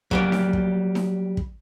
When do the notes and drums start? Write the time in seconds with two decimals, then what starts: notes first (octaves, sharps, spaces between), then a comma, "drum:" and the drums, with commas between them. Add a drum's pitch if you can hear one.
0.11 F#3 G3 A#3, drum: kick
0.32 drum: snare D#4
0.53 drum: kick
0.95 drum: snare D#4
1.37 drum: kick